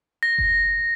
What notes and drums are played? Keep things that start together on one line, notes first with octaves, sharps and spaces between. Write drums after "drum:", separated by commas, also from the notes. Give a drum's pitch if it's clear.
A#6
drum: kick F1